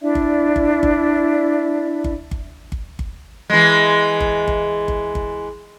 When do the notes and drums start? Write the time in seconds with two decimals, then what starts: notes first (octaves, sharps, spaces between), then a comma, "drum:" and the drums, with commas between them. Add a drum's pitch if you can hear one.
0.02 D4 E4 D5 E5
0.15 drum: kick G1
0.56 drum: kick G1
0.83 drum: kick G1
2.04 drum: kick G1
2.31 drum: kick G1
2.72 drum: kick G1
2.99 drum: kick G1
3.50 E3 G#3
4.21 drum: kick G1
4.48 drum: kick G1
4.88 drum: kick G1
5.15 drum: kick G1